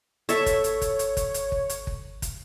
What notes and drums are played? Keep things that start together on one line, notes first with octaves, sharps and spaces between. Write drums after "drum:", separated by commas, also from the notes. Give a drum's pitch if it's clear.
A4 C#5 E5, drum: hi-hat
drum: kick, hi-hat
drum: hi-hat
drum: kick, hi-hat
drum: hi-hat
drum: kick, hi-hat
drum: hi-hat
drum: kick
drum: hi-hat
drum: kick
drum: kick, hi-hat